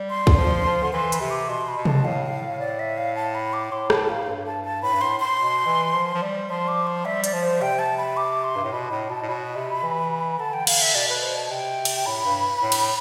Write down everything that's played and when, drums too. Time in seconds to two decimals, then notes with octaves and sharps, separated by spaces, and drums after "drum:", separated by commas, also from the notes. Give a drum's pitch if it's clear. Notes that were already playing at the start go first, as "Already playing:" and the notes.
Already playing: G3
0.10 C6
0.27 drum: kick
0.38 F3
0.66 F3
0.83 D3
0.93 E3 C6
1.12 B5, drum: hi-hat
1.21 C3
1.30 D6
1.49 B2 C6
1.68 B5
1.77 B2
1.85 A5, drum: tom C3
2.05 A2 F5
2.60 D5
2.79 E5
2.97 F5
3.15 A5
3.35 B5
3.53 D6
3.72 A2 C6
3.90 A5, drum: rim click
4.09 F5
4.27 G2
4.46 A5
4.64 A5
4.82 A2 B5
4.93 G2
5.01 A2 C6
5.20 C6
5.39 B2
5.66 E3
5.94 F3
6.14 F3
6.22 G3
6.50 F3 C6
6.68 D6
6.87 C6
7.05 G3 E5
7.24 D5, drum: hi-hat
7.33 F3
7.43 C5
7.61 C3 G5
7.79 A5
7.98 B5
8.17 D6
8.44 C6
8.56 G2
8.64 A2
8.72 B2 B5
8.91 A2 B5
9.09 B2 A5
9.22 A2
9.28 B2 B5
9.56 C3
9.83 E3
10.39 D3 A5
10.53 G5
10.67 F5, drum: cymbal
10.81 E5
10.95 B2 D5
11.09 B4
11.23 C5
11.36 A5
11.50 C3 G5
11.85 drum: cymbal
12.06 A2 B5
12.25 G2
12.62 A2
12.72 drum: cymbal